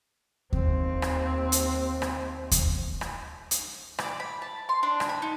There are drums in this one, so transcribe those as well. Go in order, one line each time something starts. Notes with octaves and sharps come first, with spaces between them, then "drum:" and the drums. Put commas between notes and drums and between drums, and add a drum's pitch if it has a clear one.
D#2 C4, drum: kick D#2
drum: rim click
drum: hi-hat
drum: rim click
drum: kick D#2, hi-hat
drum: rim click
drum: hi-hat
D5, drum: rim click
B5
A5
C6
D4
drum: rim click
B5
D#4